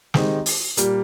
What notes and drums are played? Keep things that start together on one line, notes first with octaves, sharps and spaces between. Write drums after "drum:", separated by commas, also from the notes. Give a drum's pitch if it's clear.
D#3 G#3 C4 D#4 G4, drum: snare
drum: open hi-hat
A#2 G3 A#3, drum: hi-hat